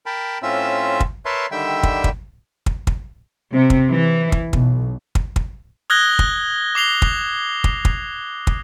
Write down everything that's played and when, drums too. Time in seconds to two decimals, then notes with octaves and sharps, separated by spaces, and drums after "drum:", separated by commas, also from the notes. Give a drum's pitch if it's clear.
0.06 A#4 G5 A5 B5
0.43 A2 C4 C#4 F4 E5 E6
1.00 drum: kick
1.25 A#4 B4 C#5 E5 A5 C6
1.52 D3 D#3 G3 E5 G5 E6
1.83 drum: kick
2.04 drum: kick
2.66 drum: kick
2.87 drum: kick
3.53 C3
3.70 drum: kick
3.90 E3
4.32 drum: kick
4.53 B1, drum: kick
5.15 drum: kick
5.36 drum: kick
5.90 D#6 F6 F#6 G#6 A#6 G7
6.19 drum: kick
6.75 D6 C7 F7 G7
7.02 drum: kick
7.64 drum: kick
7.85 drum: kick
8.47 drum: kick